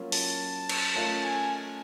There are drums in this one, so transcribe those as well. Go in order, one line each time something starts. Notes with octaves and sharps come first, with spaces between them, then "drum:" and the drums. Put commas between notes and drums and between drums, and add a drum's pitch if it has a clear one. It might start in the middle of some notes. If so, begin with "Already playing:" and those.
Already playing: F#3 A#3 C#4 F4
A5, drum: open hi-hat
drum: cymbal
A3 C#4 F4 A#4 D#5 A5
G#5